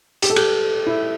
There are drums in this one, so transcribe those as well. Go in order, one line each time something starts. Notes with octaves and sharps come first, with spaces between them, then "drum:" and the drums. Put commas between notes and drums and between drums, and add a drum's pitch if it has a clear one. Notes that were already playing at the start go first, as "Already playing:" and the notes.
G4, drum: hi-hat
A4
G4, drum: cymbal
E4